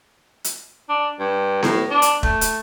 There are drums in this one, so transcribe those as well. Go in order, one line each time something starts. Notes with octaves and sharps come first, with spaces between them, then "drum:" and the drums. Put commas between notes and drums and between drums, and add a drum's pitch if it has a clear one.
drum: hi-hat
D4
G2
A2, drum: snare B3
D4
drum: hi-hat
A3, drum: kick E1
drum: hi-hat